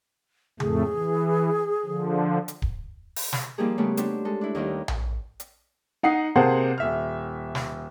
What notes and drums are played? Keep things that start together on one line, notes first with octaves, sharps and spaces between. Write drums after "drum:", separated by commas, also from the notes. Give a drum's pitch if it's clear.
F2 A2 A3 G#4, drum: tom C#3
E3
D3 F3
drum: hi-hat
drum: kick D1
drum: open hi-hat
drum: snare
F3 G3 A#3 D#4 G4 G#4
C#3 G3 A3 B3
D4 F#4 G4 C5, drum: hi-hat
G#3 A4
D4 E4
D#2 D#3 G3
drum: tom A#1
drum: hi-hat
D#4 F#5 D#6 C7
C3 A#3 G#4 C5 F#5 A5
D#1 E5 F6
drum: snare